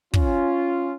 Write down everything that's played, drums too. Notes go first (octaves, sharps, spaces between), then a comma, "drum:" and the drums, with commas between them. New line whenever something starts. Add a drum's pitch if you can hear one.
C#4 F4, drum: kick